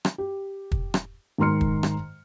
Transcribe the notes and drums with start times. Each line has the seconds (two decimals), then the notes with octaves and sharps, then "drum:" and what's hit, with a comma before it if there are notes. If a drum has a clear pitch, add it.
0.05 drum: rim click
0.18 G4
0.72 drum: kick
0.94 drum: rim click
1.38 G#2 D#3 A#5 C6 F6 C#7
1.61 drum: kick
1.83 drum: rim click